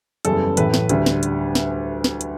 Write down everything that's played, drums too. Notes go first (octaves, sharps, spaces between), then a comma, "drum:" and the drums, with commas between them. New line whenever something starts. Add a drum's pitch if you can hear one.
F#1 E2 C#3 E3 G3 A4, drum: hi-hat
A1 A2 E3 A3 B4, drum: hi-hat
drum: snare
D2 D3 G3, drum: hi-hat
drum: snare
drum: hi-hat
drum: snare
drum: snare
drum: hi-hat